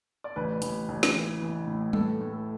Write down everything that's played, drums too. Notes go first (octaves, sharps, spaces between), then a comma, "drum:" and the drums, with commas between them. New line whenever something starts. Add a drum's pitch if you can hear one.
D5
A1 B4
A1, drum: hi-hat
A1
drum: snare
E3
E3
A2
A2 A4, drum: tom G3
A2
A4